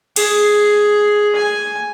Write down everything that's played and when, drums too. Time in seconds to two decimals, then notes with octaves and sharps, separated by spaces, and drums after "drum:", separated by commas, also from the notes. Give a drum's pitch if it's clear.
0.16 G#4, drum: cymbal
1.36 G#5